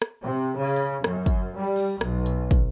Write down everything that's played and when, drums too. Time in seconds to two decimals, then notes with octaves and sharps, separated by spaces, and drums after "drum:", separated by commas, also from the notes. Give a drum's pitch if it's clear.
0.02 drum: rim click
0.23 C3
0.56 C#3
0.76 drum: hi-hat
1.04 F#2, drum: rim click
1.26 drum: kick, hi-hat
1.57 G3
1.76 drum: open hi-hat
2.01 B1, drum: rim click
2.26 drum: hi-hat
2.51 drum: kick, hi-hat